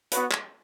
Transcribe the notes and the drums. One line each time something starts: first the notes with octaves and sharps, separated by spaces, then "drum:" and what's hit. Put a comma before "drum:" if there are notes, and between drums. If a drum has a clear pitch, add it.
B3 F#4 B4, drum: hi-hat
drum: clap